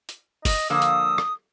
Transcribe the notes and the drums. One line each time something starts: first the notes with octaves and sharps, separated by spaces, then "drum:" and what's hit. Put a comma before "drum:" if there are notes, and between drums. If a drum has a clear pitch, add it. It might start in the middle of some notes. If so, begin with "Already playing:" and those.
drum: hi-hat
D#5, drum: kick, open hi-hat
D3 F3 A#3 D#6 E6
drum: hi-hat
drum: rim click